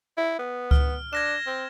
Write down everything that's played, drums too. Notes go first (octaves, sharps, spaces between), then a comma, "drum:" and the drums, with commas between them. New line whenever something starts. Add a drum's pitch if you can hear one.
E4
B3
F6, drum: kick C#2
D4 G#6 A#6 E7
C4